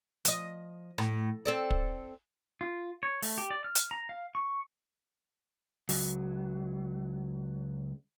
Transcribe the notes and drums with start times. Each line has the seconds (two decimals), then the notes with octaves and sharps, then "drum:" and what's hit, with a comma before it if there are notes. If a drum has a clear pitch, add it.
0.25 F3 D#5, drum: hi-hat
0.98 A2, drum: rim click
1.45 C4 A4 D5
1.70 drum: kick
2.61 F4
3.03 C#5
3.22 A3, drum: open hi-hat
3.38 G4
3.50 D5
3.64 F6
3.75 drum: hi-hat
3.91 A#5
4.09 F5
4.35 C#6
5.89 C#2 F#3, drum: open hi-hat